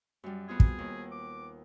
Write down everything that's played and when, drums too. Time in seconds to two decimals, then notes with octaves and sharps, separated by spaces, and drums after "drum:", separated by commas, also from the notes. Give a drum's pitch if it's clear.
0.24 F#2 G3
0.49 B3 C4 F4 G#4
0.60 drum: kick
0.79 D#2
1.11 D6